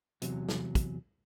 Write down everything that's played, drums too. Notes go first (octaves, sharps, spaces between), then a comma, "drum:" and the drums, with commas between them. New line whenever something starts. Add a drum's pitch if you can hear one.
E2 C3 F#3, drum: hi-hat
drum: snare
drum: kick, hi-hat